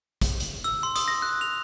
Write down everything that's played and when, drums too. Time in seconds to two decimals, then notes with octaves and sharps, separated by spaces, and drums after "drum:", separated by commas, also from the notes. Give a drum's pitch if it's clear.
0.21 drum: kick, hi-hat
0.40 drum: hi-hat
0.64 E6
0.83 C6
0.96 D#6, drum: hi-hat
1.08 A#6
1.22 F#6
1.41 F7